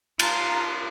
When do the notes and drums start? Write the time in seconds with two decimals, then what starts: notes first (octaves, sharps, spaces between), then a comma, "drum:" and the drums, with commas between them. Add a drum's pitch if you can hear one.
0.19 F4 F5 A5 A#5, drum: cymbal